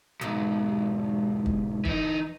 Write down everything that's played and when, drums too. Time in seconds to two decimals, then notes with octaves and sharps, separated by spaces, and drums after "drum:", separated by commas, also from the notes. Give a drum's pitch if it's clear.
0.21 B1 G#2, drum: hi-hat
1.46 drum: kick
1.85 E3 D#4, drum: kick